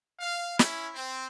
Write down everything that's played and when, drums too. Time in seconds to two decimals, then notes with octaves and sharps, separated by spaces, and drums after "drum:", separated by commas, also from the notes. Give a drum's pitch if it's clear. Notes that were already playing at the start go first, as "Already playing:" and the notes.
0.20 F5
0.59 C#4 E4, drum: snare
0.95 C4